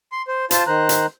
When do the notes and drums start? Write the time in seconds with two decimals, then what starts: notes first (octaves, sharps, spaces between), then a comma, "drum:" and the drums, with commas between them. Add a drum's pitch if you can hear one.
0.12 C6
0.28 C5
0.51 F4 C5 A5, drum: hi-hat
0.67 D#3 C5 A#5 F#6
0.89 drum: hi-hat